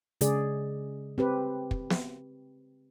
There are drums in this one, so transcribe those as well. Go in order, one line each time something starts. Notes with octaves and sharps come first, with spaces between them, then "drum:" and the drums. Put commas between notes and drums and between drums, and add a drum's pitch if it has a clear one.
C#3 G#3 G#4 D5, drum: hi-hat
C4 G4 B4
drum: kick
drum: snare